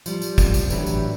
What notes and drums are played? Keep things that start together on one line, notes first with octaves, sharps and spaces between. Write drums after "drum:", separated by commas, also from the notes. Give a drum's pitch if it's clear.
F3 G3, drum: tambourine
drum: tambourine
drum: kick, tambourine
drum: tambourine
A2 E3 F#3 D4 G4 B4, drum: tambourine
drum: tambourine